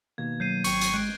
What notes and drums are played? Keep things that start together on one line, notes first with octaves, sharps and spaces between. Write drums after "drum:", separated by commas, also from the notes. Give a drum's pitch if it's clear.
B2 D#3 A#3 G#6
F#3 G6 C7 D#7
G#1 G5 C#6, drum: hi-hat
drum: hi-hat
G#3 F#6 D7 D#7